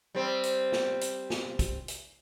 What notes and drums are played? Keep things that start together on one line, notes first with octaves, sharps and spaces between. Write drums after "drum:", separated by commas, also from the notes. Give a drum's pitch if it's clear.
G3 C4
drum: hi-hat
drum: snare
drum: hi-hat
drum: snare
drum: kick, hi-hat
drum: hi-hat